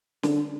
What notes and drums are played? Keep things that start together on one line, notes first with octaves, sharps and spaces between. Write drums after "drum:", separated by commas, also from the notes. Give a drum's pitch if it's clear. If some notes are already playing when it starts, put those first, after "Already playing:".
D3, drum: snare